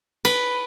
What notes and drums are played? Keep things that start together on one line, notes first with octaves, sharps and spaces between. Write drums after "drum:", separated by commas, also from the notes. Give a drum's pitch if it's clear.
B4, drum: cymbal